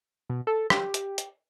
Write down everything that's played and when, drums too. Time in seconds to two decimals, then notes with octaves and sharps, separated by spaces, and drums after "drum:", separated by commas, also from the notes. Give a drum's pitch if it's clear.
0.30 B2
0.47 A4
0.70 G4, drum: rim click
0.94 drum: hi-hat
1.18 drum: hi-hat